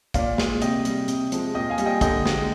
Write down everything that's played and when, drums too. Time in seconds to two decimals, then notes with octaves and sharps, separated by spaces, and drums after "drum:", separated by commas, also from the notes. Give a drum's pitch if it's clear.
0.14 A#2 D5 F5, drum: kick, hi-hat
0.38 G#3, drum: snare
0.62 C3 D#5 G5, drum: hi-hat
0.85 G3, drum: hi-hat
1.08 C3, drum: hi-hat
1.32 F3 G#3, drum: hi-hat
1.54 A#2 D#5 G5
1.70 F5 G#5
1.78 G3, drum: hi-hat
1.86 D#5 G5
2.01 D3 D#5 G5, drum: kick, hi-hat
2.26 G#3, drum: snare